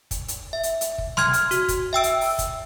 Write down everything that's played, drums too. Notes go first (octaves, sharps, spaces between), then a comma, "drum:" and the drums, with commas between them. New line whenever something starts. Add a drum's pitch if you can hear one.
drum: kick, hi-hat
drum: hi-hat
E5
drum: hi-hat
drum: hi-hat
drum: kick
C6 F6 G#6, drum: snare
drum: hi-hat
F#4, drum: hi-hat
drum: kick, hi-hat
E5 G5 E6 D7
drum: hi-hat
drum: open hi-hat
drum: kick, hi-hat